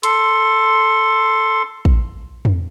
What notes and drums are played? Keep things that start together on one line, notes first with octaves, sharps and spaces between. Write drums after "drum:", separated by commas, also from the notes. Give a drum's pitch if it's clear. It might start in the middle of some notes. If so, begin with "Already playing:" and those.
A4 C6, drum: hi-hat
drum: kick
drum: tom